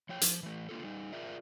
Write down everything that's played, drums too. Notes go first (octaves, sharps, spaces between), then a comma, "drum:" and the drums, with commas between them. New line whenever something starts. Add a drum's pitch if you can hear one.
F3 C#5 G5
F3, drum: hi-hat
E3 A3
D3 A#3 F4 A4
G3 D#4
F4 G#4 A#4 D5 E5